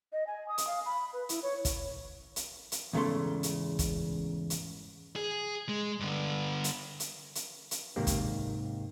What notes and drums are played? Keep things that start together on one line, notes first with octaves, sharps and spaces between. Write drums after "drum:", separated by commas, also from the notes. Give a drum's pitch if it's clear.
D#5
G#5
D#6
drum: hi-hat
F5
B5
B4
E4, drum: hi-hat
C#5
drum: kick, hi-hat
drum: hi-hat
drum: hi-hat
E2 G#2 C#3 A3 A4 C6
drum: hi-hat
drum: kick, hi-hat
drum: hi-hat
G#4
G#3
G2 D3
drum: hi-hat
drum: hi-hat
drum: hi-hat
drum: hi-hat
G#2 C3 D#3 A#3 G4
drum: kick, hi-hat